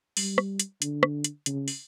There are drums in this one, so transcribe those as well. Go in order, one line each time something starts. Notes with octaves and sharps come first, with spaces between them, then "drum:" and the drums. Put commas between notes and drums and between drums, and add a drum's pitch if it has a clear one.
G3, drum: open hi-hat
drum: rim click
drum: hi-hat
D3, drum: hi-hat
drum: rim click
drum: hi-hat
C#3, drum: hi-hat
drum: open hi-hat